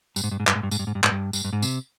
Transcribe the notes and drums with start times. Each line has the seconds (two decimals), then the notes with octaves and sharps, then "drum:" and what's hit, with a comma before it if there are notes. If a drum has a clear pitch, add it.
0.16 G2, drum: tambourine
0.24 G#2
0.31 G2
0.40 G#2
0.47 G2, drum: clap
0.55 G#2
0.63 G2
0.71 G#2, drum: tambourine
0.79 G2
0.87 G#2
0.95 G2
1.04 G#2, drum: clap
1.11 G2
1.33 G2, drum: tambourine
1.44 G2
1.53 G#2
1.62 C3, drum: tambourine